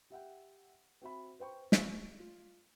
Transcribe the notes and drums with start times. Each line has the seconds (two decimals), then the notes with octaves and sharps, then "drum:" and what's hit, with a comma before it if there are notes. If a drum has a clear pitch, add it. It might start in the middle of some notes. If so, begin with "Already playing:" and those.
0.10 G4 E5 F#5 G5
1.02 C4 F#4 E5 B5
1.39 B4 C5 G5 C#6
1.72 C#6, drum: snare
2.19 F4